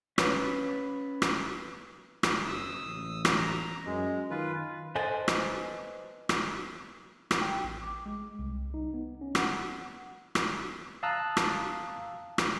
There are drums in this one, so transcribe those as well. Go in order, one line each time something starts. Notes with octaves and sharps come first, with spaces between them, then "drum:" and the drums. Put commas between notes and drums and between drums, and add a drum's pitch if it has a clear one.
C#4 B4, drum: rim click
drum: rim click
drum: rim click
F#1 D#6 E6
A1
drum: rim click
A#5
F#2 G#3
D#3 F4 B4
A4 B4 C5 D#5 G#5
drum: rim click
drum: rim click
drum: rim click
G5
A1
D6
G#3
C2
D#4
B3
C#4
F#5, drum: rim click
drum: rim click
F5 A5 A#5 D#6 E6 F#6
drum: rim click
drum: rim click